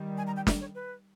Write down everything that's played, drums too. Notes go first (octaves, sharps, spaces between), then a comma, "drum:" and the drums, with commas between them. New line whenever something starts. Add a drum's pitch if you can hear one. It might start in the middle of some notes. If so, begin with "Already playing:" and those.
Already playing: D#3 G3
G#5
A#5
G5
E5, drum: snare
C#5
B4